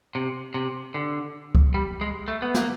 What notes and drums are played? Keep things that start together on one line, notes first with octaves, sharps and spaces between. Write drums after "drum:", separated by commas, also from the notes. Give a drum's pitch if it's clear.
C3
C3
D3
drum: kick C#2
G3
G#3
A3
B3
A#3, drum: snare